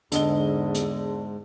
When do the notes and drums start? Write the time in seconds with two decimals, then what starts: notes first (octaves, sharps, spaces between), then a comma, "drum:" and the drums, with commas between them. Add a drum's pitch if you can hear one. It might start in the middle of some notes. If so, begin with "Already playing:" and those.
0.12 E2 G#2 D3 D#5 G7, drum: hi-hat
0.74 drum: hi-hat